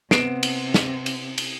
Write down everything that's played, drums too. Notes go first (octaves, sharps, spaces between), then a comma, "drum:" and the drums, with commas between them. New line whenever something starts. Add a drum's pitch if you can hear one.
C3 B3 C7 D7 E7, drum: snare
drum: cymbal
drum: snare
drum: cymbal
drum: cymbal